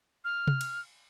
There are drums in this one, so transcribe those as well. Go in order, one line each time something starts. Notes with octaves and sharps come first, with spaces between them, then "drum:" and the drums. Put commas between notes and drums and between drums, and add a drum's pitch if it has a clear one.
F6
drum: tom C3
drum: cymbal